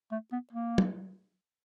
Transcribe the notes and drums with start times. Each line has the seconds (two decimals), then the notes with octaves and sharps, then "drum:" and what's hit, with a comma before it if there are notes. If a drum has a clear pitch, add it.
0.11 A3
0.32 B3
0.52 A#3
0.78 drum: tom